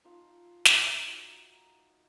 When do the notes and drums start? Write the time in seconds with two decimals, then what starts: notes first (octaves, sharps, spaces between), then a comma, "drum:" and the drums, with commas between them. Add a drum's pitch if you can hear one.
0.04 D#4 F4 F5 A5
0.27 F5
0.65 D#4 D5 E5 A#5, drum: snare
1.06 D#4 F#4